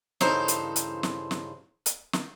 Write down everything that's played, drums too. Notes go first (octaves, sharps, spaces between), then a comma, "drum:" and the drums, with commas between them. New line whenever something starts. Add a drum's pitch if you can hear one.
G2 C#3 E3 D#4 A4 C5, drum: snare
drum: hi-hat
drum: hi-hat
drum: snare
drum: snare
drum: hi-hat
drum: snare